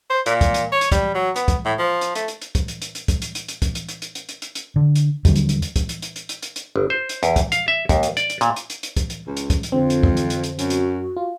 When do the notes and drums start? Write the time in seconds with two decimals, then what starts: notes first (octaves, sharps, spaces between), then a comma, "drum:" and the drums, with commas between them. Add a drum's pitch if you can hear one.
0.10 C5
0.26 A#2, drum: hi-hat
0.41 drum: kick, hi-hat
0.54 drum: hi-hat
0.72 C#5
0.81 drum: hi-hat
0.92 G3, drum: kick, hi-hat
1.15 F#3
1.36 B3, drum: hi-hat
1.48 drum: kick, hi-hat
1.65 A2
1.79 F3
2.01 drum: hi-hat
2.15 A3, drum: hi-hat
2.28 drum: hi-hat
2.42 drum: hi-hat
2.55 drum: kick, hi-hat
2.68 drum: hi-hat
2.82 drum: hi-hat
2.95 drum: hi-hat
3.08 drum: kick, hi-hat
3.22 drum: hi-hat
3.35 drum: hi-hat
3.48 drum: hi-hat
3.62 drum: kick, hi-hat
3.75 drum: hi-hat
3.89 drum: hi-hat
4.02 drum: hi-hat
4.15 drum: hi-hat
4.29 drum: hi-hat
4.42 drum: hi-hat
4.55 drum: hi-hat
4.76 D3
4.95 drum: hi-hat
5.25 D#2 D3 F#3 G3, drum: kick, hi-hat
5.36 drum: hi-hat
5.49 drum: hi-hat
5.62 drum: hi-hat
5.76 drum: kick, hi-hat
5.89 drum: hi-hat
6.02 drum: hi-hat
6.16 drum: hi-hat
6.29 drum: hi-hat
6.43 drum: hi-hat
6.56 drum: hi-hat
6.76 G1
6.90 C5
7.09 drum: hi-hat
7.23 E2, drum: hi-hat
7.36 drum: kick, hi-hat
7.52 F5, drum: hi-hat
7.68 E5
7.89 D#2, drum: kick, hi-hat
8.03 drum: hi-hat
8.17 D5, drum: hi-hat
8.30 drum: hi-hat
8.41 A#2, drum: hi-hat
8.56 drum: hi-hat
8.70 drum: hi-hat
8.83 drum: hi-hat
8.96 drum: kick, hi-hat
9.10 drum: hi-hat
9.26 C#2
9.37 drum: hi-hat
9.50 drum: kick, hi-hat
9.63 drum: hi-hat
9.72 F2 D3 C4 F4
9.90 drum: hi-hat
10.03 drum: kick
10.17 drum: hi-hat
10.30 drum: hi-hat
10.44 drum: hi-hat
10.59 F#2 F#4, drum: hi-hat
10.70 drum: hi-hat
11.17 F4